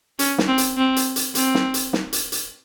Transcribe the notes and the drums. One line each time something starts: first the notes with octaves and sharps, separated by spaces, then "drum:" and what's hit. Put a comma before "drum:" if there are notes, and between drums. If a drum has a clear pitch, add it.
C#4, drum: hi-hat
drum: snare
C4
drum: hi-hat
C4
drum: hi-hat
drum: hi-hat
C4, drum: hi-hat
drum: snare
drum: hi-hat
drum: snare
drum: hi-hat
drum: hi-hat